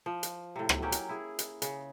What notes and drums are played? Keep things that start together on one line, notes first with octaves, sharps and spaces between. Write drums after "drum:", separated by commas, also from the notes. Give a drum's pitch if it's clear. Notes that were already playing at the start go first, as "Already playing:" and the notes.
F3
drum: hi-hat
A2 C3
drum: rim click
F#3 A#3 C#4 G4
drum: hi-hat
E4 G#4
drum: hi-hat
C#3, drum: hi-hat